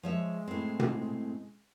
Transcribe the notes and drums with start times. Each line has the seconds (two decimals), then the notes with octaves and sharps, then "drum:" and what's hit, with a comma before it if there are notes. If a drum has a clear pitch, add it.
0.03 F3 G#3 C#5 E5
0.48 A2 C4
0.79 drum: tom